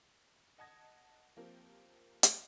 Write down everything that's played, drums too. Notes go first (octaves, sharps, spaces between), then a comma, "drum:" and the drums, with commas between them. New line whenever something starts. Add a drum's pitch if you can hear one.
D#5 F#5 A5 D#6 G#6 A#6
F3 A#3 C4 G4 A#4
drum: hi-hat